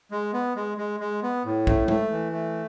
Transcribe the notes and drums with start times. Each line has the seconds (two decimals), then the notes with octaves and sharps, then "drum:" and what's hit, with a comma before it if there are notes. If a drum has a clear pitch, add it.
0.11 G#3
0.33 B3
0.56 G#3
0.78 G#3
1.00 G#3
1.23 B3
1.45 A2
1.67 A3, drum: kick
1.88 A3, drum: tom G#3
2.11 E3
2.32 A3